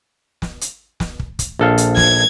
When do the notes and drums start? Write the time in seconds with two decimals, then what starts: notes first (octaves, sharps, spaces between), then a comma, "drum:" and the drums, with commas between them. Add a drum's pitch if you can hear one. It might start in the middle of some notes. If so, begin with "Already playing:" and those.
0.42 drum: snare
0.61 drum: hi-hat
1.00 drum: snare
1.19 drum: kick
1.39 drum: kick, hi-hat
1.59 A#1 A4 F5
1.78 drum: hi-hat
1.97 G#6, drum: snare